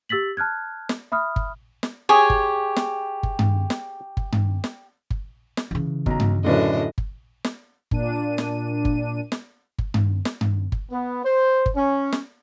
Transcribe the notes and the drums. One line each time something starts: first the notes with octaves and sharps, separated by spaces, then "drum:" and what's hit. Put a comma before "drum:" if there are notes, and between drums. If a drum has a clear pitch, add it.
G4 E6 A6 B6 F#7
A5 F6 F#6 G#6
drum: snare
E5 B5 D#6 F6
drum: kick G1
drum: snare
G4 G#4 C#5 G#5
drum: kick G1
drum: snare
drum: kick G1
drum: tom G2
drum: snare
drum: kick G1
drum: tom G2
drum: snare
drum: kick G1
drum: snare
C#3 E3
B1 A#5, drum: kick G1
drum: tom G2
F#2 A2 D3 D4 B4 D#5
drum: kick G1
drum: snare
A#2 D4 D#7, drum: kick G1
drum: snare
drum: kick G1
drum: snare
drum: kick G1
drum: tom G2
drum: snare
drum: tom G2
drum: kick G1
B3
C5
drum: kick G1
C#4
drum: snare